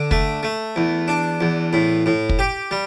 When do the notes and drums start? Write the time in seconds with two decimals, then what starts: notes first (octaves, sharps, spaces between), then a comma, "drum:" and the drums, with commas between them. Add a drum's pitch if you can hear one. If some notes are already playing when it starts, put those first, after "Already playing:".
Already playing: D3
0.11 A3, drum: kick
0.43 A3
0.76 E2
1.08 D4
1.41 E2
1.73 A2
2.06 A2
2.29 drum: kick
2.39 G4
2.71 G3